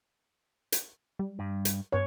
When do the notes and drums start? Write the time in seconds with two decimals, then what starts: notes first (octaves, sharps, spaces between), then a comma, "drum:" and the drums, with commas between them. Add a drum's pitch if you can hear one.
0.72 drum: hi-hat
1.19 G3
1.39 G2
1.65 drum: hi-hat
1.92 G2 B3 C#5